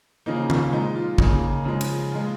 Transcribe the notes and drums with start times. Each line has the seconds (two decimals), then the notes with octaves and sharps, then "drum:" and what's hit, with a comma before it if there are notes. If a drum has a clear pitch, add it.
0.26 C#3 F3 A#3 D#4
0.50 F4, drum: tom
0.72 A#2 F3 G#3 D#4
0.96 F4
1.18 C#3 A#3 D#4, drum: kick
1.65 C#3 F3 G#3
1.81 drum: cymbal
2.12 A#2 G#3 F4